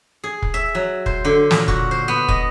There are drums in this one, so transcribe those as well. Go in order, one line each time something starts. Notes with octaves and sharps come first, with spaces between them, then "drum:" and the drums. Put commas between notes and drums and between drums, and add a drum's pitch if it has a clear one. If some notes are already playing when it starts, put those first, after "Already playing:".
G#4
drum: kick
E5
F#3
C5, drum: kick
D3
A#2, drum: snare
F#4, drum: kick
C5
B3
D#5, drum: kick